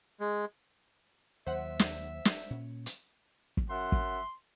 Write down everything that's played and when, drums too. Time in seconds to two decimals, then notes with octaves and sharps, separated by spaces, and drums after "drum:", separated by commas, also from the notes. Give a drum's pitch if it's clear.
0.20 G#3
1.47 D#2 F#3 C5 E5 F#5
1.79 drum: snare
2.25 drum: snare
2.50 A#2 C#4
2.86 drum: hi-hat
3.57 drum: kick
3.70 F#2 E5 F#5 C6
3.92 drum: kick